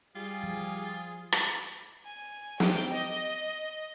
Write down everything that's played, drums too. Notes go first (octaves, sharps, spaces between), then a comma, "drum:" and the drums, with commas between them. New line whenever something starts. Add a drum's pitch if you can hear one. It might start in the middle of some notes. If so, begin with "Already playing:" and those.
G3 F4 G#4
F3
drum: rim click
G#5
G4, drum: snare
D#5